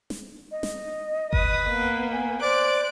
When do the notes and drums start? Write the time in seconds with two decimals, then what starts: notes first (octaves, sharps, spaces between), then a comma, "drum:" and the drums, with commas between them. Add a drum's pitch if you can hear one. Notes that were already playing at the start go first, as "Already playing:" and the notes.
0.10 drum: snare
0.51 D#5
0.63 drum: snare
1.33 B4 D#6, drum: kick G1
1.68 A#3 B3
2.12 G#5
2.42 C5 D5 F#6 D7